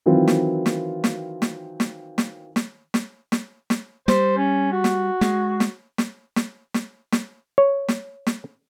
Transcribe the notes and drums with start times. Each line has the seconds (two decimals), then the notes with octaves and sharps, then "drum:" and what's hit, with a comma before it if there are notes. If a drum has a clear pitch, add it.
0.06 D#3 E3 F#3 C4 F4
0.28 drum: snare
0.66 drum: snare
1.04 drum: snare
1.42 drum: snare
1.80 drum: snare
2.18 drum: snare
2.56 drum: snare
2.94 drum: snare
3.32 drum: snare
3.70 drum: snare
4.08 G3 C5, drum: snare
4.37 C#4
4.72 F#4
4.84 drum: snare
5.21 G#3, drum: snare
5.60 drum: snare
5.98 drum: snare
6.36 drum: snare
6.74 drum: snare
7.12 drum: snare
7.58 C#5
7.88 drum: snare
8.26 drum: snare